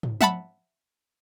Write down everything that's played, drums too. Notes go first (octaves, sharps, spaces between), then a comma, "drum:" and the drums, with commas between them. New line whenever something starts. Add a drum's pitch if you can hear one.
drum: tom
E5 F#5 A5 B5, drum: tom F3